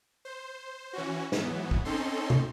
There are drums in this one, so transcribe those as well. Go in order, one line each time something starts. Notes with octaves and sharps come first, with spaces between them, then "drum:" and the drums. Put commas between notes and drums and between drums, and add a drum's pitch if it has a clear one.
C5
E3 C#4 F#4
G#2 E3 F#3 B3, drum: snare
drum: kick
C4 C#4 D#4 A4 C6
drum: tom